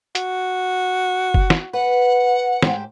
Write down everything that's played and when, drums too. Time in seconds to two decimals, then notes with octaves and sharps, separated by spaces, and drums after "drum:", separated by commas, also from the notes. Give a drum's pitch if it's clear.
0.15 F#4, drum: hi-hat
1.34 drum: kick F#1
1.50 drum: snare
1.73 B4 F#5
2.63 G#2 G4 C5, drum: snare